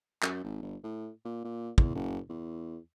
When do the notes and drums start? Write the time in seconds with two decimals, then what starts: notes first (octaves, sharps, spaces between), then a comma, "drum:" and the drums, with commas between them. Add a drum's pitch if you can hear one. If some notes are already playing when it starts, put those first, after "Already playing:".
0.23 F#2, drum: clap
0.44 G#1
0.62 G1
0.84 A2
1.25 A#2
1.45 A#2
1.78 E2, drum: kick
1.95 F#1
2.30 E2